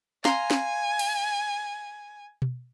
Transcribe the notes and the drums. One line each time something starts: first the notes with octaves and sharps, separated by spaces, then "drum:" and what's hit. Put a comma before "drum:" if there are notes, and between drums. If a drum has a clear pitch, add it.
F5 G#5 A#5 C6, drum: snare
drum: snare
drum: cymbal
drum: tom B2